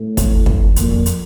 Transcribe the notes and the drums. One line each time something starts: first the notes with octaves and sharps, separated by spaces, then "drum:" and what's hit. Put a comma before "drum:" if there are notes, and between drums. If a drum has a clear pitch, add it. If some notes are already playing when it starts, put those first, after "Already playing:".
Already playing: A2
E2, drum: kick, hi-hat
F2, drum: kick
F2 A#2, drum: hi-hat
F2
drum: hi-hat